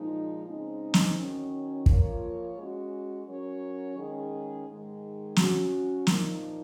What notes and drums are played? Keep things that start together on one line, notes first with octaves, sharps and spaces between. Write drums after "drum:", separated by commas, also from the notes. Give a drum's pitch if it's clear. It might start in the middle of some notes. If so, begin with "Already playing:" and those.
Already playing: A#2 F3 G#3 D#4
C#3 G#3 C4 D#4
drum: snare
D#3 F#3 C#4
F3 A#3 F4 A#4 C#5, drum: kick
G#3 C#4 F#4
F#3 C#4 F#4 A#4 C#5
D#3 G#3 C#4 G#4
G#2 D#3 G#3
F#3 C#4 F#4, drum: snare
A#2 F3 A#3 D#4, drum: snare